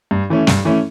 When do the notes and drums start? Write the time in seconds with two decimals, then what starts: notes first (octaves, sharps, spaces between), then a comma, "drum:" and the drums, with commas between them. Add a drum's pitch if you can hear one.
0.11 G2
0.30 E3 A3 C#4
0.47 G2, drum: snare
0.65 E3 A3 C#4